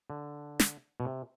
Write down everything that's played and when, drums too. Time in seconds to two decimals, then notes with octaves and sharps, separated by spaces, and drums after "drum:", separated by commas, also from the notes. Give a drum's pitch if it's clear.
0.10 D3
0.60 drum: snare
1.00 B2
1.05 C3